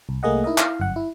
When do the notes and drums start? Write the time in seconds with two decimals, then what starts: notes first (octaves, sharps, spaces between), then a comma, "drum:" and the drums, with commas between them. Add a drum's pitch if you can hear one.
0.09 C2
0.23 C2 A3 A#3 G#4 D#5 F#5
0.44 D#4 E4 A#4 D#5
0.58 E4 F5, drum: clap
0.80 G1 F#2 F#5
0.96 E4